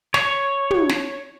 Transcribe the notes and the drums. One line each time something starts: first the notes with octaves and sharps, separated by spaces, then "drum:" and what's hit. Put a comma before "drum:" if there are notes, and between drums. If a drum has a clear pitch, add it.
C#5, drum: snare
drum: tom
drum: snare